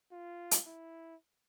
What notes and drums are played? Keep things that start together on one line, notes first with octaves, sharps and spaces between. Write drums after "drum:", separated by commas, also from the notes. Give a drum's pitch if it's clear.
F4
drum: hi-hat
E4